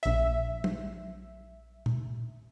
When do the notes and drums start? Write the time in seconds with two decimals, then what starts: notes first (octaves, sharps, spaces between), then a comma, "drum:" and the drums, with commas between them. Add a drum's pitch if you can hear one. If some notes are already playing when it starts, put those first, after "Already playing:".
0.03 A#1 E5, drum: hi-hat
0.64 drum: tom
1.86 drum: tom A#2